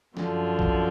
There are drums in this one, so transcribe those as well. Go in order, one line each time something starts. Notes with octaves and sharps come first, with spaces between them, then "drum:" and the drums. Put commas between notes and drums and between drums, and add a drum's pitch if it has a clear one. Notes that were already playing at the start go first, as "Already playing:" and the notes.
F#2 D3 F3, drum: snare
drum: kick A#1